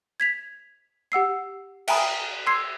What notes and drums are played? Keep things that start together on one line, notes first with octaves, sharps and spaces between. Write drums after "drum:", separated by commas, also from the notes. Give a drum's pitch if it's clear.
G#6 B6 F7
G4 F#5 E6 C7
E5 G5 G#5 A#5 B5 D#6, drum: cymbal
C6 E6 G#6 C7